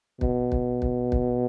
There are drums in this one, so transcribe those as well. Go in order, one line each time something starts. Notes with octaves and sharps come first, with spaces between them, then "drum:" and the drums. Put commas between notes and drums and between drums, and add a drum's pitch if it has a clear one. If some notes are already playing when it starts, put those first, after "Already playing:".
B2, drum: kick
drum: kick
drum: kick
drum: kick